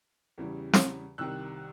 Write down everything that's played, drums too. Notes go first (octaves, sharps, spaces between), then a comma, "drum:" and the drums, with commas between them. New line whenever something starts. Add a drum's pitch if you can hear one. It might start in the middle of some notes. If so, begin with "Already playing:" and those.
E2 C#3 E3 G3
drum: snare
C2 C3 D#3 G3 E6 F#6